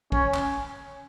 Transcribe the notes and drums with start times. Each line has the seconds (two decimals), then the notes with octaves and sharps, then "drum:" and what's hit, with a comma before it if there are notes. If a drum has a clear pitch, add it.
0.12 C#4, drum: kick
0.34 drum: clap